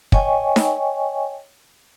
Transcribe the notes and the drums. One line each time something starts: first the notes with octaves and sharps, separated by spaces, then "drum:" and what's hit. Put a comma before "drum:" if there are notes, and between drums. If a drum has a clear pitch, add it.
C#5 D#5 G5 G#5 C#6, drum: kick
drum: snare D#4